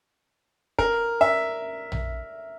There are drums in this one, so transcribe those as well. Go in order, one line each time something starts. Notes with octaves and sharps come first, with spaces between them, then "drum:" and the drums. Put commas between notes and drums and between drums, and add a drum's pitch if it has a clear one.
A#4, drum: kick
E5
drum: tom A#1